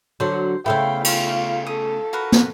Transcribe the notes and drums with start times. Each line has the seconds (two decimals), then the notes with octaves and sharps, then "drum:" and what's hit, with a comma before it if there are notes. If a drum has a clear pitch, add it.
0.20 D3 F#3 C5
0.66 C#3 A3 B3 E4 C5 F5 G5
1.04 F4, drum: cymbal
1.67 A4 D#6
2.13 F#4 A#4 B4
2.32 drum: snare